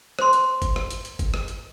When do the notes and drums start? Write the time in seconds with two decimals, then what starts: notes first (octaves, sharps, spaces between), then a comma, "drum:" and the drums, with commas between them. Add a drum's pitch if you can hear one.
0.19 C5 C6, drum: rim click
0.33 drum: hi-hat
0.62 drum: kick G1, hi-hat
0.76 drum: rim click
0.90 drum: hi-hat
1.05 drum: hi-hat
1.19 drum: kick G1, hi-hat
1.34 drum: rim click
1.48 drum: hi-hat